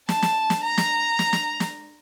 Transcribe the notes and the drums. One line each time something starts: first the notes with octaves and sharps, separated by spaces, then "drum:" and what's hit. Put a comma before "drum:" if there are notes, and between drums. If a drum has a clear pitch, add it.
A5, drum: snare
drum: snare
drum: snare
A#5
drum: snare
drum: snare
drum: snare
drum: snare